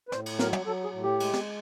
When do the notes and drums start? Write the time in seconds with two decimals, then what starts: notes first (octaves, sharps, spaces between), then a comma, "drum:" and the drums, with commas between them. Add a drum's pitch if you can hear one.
0.08 B4
0.12 A2 C5, drum: snare
0.26 drum: cymbal
0.39 F#3 A#4, drum: snare
0.53 drum: tom
0.66 F#3 A4
0.84 G#4
0.93 A2
1.02 G4
1.20 G#3, drum: cymbal
1.34 drum: snare